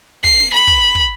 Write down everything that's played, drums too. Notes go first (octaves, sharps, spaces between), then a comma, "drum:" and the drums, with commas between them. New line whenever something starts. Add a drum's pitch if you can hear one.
C7, drum: kick
drum: snare
B5
drum: kick
drum: kick